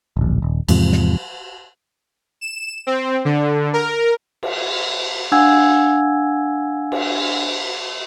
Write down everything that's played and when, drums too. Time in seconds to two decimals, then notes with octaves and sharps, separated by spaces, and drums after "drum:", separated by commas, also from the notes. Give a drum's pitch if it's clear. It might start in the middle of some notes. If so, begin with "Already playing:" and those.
0.17 D1 A#1
0.42 D#1
0.68 E2 G#2 C3 F3, drum: cymbal
0.92 drum: snare
2.41 E7
2.87 C4
3.25 D3
3.73 A#4
4.43 drum: cymbal
5.32 D4 F5 F#5 G#5 E6 G#6
6.92 drum: cymbal